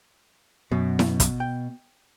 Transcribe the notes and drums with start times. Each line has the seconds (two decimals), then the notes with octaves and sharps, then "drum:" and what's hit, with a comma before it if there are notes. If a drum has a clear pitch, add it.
0.72 F#2 B2
0.99 drum: snare E4
1.20 drum: kick, hi-hat
1.40 G5